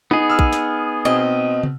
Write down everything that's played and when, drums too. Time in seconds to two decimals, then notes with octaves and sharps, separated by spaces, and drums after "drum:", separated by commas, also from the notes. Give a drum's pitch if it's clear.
0.11 B3 D#4 G#4
0.30 E6 F6
0.39 drum: kick A#1
0.53 drum: snare
1.05 B2 C4 D#5
1.63 drum: tom